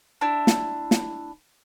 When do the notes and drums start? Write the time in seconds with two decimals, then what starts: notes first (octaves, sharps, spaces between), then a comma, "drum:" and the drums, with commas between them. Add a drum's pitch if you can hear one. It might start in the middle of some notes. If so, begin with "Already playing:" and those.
0.21 D4 E4
0.47 drum: snare
0.91 drum: snare